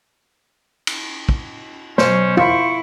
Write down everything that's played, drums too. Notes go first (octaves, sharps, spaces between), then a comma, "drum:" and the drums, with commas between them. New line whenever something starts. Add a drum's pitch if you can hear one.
drum: cymbal
drum: kick
B2 F#3 C#4 C5, drum: snare
E4 F4 C#6, drum: tom